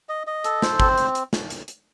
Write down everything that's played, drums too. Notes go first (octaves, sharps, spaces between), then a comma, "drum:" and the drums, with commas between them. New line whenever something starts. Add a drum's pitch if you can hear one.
D#5
D#5
A4, drum: hi-hat
C5, drum: snare
C4, drum: kick G#1
drum: hi-hat
drum: hi-hat
drum: snare
drum: hi-hat
drum: hi-hat